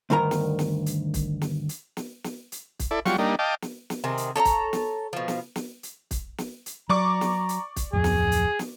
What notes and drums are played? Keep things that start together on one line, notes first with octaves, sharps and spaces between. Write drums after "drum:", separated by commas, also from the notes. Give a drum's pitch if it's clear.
D2 G2 D#3 A#4 A#5
drum: snare
drum: snare
drum: hi-hat
drum: kick, hi-hat
drum: snare
drum: hi-hat
drum: snare
drum: snare
drum: hi-hat
drum: kick, hi-hat
E4 A4 D5
F#3 G3 F4 C#6, drum: snare
G3 A#3 D4 D#4
D#5 F5 G5 A5 D6
drum: snare
drum: snare
C3 D#3 G#4
drum: hi-hat
A4 C#5 D#5 A#5
drum: kick, hi-hat
drum: snare
B2 F3
drum: snare
drum: snare
drum: hi-hat
drum: kick, hi-hat
drum: snare
drum: hi-hat
F#3 D5 A#5 C#6 D6
drum: snare
drum: hi-hat
drum: kick, hi-hat
D1 F2 G#4
drum: snare
drum: hi-hat
drum: snare